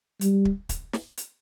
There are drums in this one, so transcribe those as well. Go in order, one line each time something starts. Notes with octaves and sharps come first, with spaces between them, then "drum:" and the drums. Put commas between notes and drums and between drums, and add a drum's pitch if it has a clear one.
G3, drum: hi-hat
drum: kick
drum: kick, hi-hat
drum: snare
drum: hi-hat